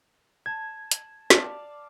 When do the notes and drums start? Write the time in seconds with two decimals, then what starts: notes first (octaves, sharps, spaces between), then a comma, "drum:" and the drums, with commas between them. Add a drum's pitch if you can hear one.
0.46 A5 G#6
0.91 drum: hi-hat
1.30 D5 F5 A5, drum: snare